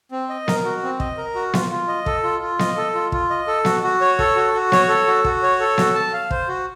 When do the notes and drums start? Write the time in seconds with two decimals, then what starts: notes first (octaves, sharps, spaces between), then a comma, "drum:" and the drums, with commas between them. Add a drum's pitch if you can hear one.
0.11 C4
0.29 D#5
0.48 A#4, drum: snare B3
0.65 F#4
0.83 C4
1.00 D#5, drum: kick
1.18 A#4
1.35 F#4
1.54 F4, drum: snare B3
1.71 F4
1.88 D#5
2.06 A4, drum: kick
2.23 F4
2.41 F4
2.59 D#5, drum: snare B3
2.77 A4
2.94 F4
3.12 F4, drum: kick
3.30 D#5
3.47 A4
3.65 F#4, drum: snare B3
3.83 F#4
4.01 C#5
4.19 A4, drum: kick
4.36 F#4
4.54 F#4
4.72 C#5, drum: snare B3
4.89 A4
5.07 F#4
5.24 F#4, drum: kick
5.43 C#5
5.60 A4
5.78 F#4, drum: snare B3
5.95 A5
6.13 F5
6.31 C5, drum: kick
6.48 F#4